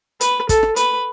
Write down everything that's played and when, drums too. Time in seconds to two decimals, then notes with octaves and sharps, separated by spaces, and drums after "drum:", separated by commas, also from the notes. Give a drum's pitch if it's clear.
0.21 B4, drum: hi-hat
0.49 A4, drum: kick, hi-hat
0.63 drum: rim click
0.76 B4, drum: hi-hat